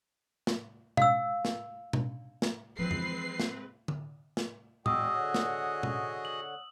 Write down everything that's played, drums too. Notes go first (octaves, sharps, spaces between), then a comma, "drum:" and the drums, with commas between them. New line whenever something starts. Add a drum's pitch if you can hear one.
drum: snare
F5 E6, drum: tom B2
drum: snare
drum: tom B2
drum: snare
E3 F3 G#3 C4 B4 C7
drum: tom F2
drum: snare
drum: tom D3
drum: snare
E2 G#3 F#4 G#4 D#5 G5 D#6 E6, drum: tom A#2
D3 C#5 F#5
drum: snare
drum: tom B2
F#7